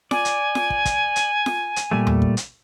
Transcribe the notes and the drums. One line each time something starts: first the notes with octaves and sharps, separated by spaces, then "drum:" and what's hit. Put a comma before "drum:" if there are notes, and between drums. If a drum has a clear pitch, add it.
D5 G#5, drum: snare
drum: hi-hat
drum: snare
drum: kick
drum: kick, hi-hat
drum: hi-hat
drum: snare
drum: hi-hat
A#2 G3 A3
drum: tom E2
drum: kick
drum: hi-hat